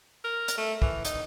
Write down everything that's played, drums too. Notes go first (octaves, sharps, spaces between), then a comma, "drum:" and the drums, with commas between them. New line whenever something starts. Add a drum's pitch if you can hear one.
A#4
drum: hi-hat
A3
E3, drum: kick
D#4, drum: hi-hat